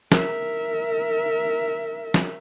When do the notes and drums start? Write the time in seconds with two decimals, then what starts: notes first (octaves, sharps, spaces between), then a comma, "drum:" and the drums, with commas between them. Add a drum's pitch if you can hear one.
0.12 A#4 E5, drum: snare
2.14 drum: snare